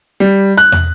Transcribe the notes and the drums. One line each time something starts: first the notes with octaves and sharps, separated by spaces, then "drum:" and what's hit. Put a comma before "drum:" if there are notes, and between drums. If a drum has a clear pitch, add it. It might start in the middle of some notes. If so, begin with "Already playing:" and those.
G3
F#6
drum: tom